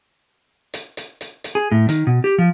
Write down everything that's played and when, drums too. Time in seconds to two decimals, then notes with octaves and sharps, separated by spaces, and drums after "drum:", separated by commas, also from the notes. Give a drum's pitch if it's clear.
0.74 drum: hi-hat
0.97 drum: hi-hat
1.21 drum: hi-hat
1.44 drum: hi-hat
1.55 G#4
1.72 A2
1.89 D#3, drum: hi-hat
2.07 B2
2.24 G4
2.38 F3